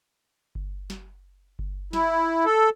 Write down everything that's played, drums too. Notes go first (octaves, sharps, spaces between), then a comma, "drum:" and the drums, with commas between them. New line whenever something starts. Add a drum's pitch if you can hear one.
drum: kick G1
drum: snare
drum: kick G1
E4, drum: snare
A4